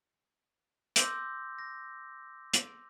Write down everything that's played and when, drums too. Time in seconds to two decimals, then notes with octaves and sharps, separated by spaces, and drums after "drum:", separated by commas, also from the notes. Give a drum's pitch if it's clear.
0.96 C6 D6 E6 G6 A#6, drum: hi-hat
1.59 A#6
2.53 drum: hi-hat